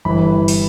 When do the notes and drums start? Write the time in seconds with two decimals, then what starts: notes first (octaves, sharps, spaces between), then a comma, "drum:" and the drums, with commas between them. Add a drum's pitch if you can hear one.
0.05 G1 G2 E3 B5
0.48 drum: open hi-hat